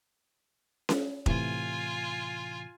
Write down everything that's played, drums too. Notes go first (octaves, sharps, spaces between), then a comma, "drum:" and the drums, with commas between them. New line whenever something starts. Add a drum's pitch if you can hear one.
drum: snare C#4
A2 C3 E3 F4 G#5, drum: kick F1